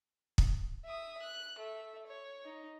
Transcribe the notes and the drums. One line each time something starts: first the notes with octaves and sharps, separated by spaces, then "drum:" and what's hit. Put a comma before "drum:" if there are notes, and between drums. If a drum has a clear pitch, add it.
drum: kick
E5 D#6
F#6
A3 E5
C#5
D#4